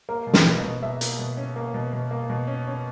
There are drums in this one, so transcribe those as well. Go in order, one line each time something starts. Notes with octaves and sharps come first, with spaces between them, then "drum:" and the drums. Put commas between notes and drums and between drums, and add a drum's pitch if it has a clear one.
A#3 A#4
B2
B4, drum: snare
A#3
D#5
B2
B2 E5
A#3, drum: hi-hat
B2
C#4
A#3
B2
B2
A#3
B2
C#4
C#4